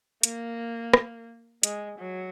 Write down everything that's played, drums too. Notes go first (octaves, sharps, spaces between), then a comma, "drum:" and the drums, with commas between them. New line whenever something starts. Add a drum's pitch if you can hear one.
A#3, drum: hi-hat
drum: rim click
G#3, drum: hi-hat
F#3